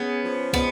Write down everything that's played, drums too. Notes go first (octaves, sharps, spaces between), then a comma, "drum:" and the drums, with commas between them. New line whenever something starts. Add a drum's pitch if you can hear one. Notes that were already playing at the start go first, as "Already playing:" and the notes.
Already playing: B3 C#4 G#4
F3
G#3 B3, drum: kick